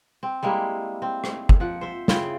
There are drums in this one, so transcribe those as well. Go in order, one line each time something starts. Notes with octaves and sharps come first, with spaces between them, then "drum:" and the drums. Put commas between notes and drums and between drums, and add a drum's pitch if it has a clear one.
C4
G3 G#3 A#3 E4
C4
drum: rim click
drum: kick
F3 F#5
C5 E5
C#3 E4 F4 G5, drum: snare